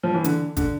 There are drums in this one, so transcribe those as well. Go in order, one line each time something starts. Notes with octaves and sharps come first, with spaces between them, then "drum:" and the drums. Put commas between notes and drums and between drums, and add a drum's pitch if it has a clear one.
F3
E3
D3, drum: hi-hat
D3, drum: kick, hi-hat